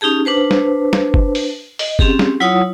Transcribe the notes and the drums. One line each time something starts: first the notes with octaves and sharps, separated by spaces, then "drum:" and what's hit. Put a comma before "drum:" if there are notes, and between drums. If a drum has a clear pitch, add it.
C#4 D#4 G4 G#4 A5
D4 B4 C5 A5
drum: snare
drum: snare
drum: kick F#1
drum: open hi-hat
D#5, drum: open hi-hat
C4 C#4 G4 G#4, drum: kick F#1
drum: snare
F#3 E4 F4 C#5 F#5 D#6